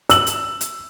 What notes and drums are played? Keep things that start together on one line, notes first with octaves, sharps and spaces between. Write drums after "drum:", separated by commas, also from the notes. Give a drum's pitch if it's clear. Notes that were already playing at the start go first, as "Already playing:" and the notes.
E6 F#7, drum: hi-hat
drum: hi-hat
drum: hi-hat